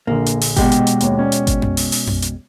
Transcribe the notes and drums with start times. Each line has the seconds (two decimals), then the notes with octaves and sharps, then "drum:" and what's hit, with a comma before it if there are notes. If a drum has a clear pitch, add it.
0.07 A#1 D3 A#3
0.26 drum: hi-hat
0.41 drum: open hi-hat
0.56 B2 G#3 G4, drum: kick G#1, hi-hat
0.72 drum: hi-hat
0.87 drum: hi-hat
1.01 D#2 C#5, drum: hi-hat
1.19 C#4 C#5 D5
1.32 drum: hi-hat
1.47 drum: kick G#1, hi-hat
1.62 drum: tom F2
1.77 drum: open hi-hat
1.92 drum: open hi-hat
2.07 drum: tom F2
2.22 drum: hi-hat